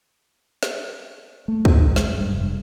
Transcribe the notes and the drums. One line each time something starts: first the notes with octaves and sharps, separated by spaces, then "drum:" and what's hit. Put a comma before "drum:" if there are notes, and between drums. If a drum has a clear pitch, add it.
drum: snare
A3
A2, drum: kick
A#1
G#3, drum: snare
G2
F1